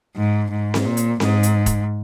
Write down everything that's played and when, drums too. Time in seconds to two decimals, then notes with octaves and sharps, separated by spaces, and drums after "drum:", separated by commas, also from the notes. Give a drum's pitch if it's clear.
0.16 G#2
0.50 G#2
0.74 drum: snare C4
0.85 A#2
0.97 drum: hi-hat
1.20 G#2, drum: snare C4
1.43 drum: hi-hat
1.66 drum: kick, hi-hat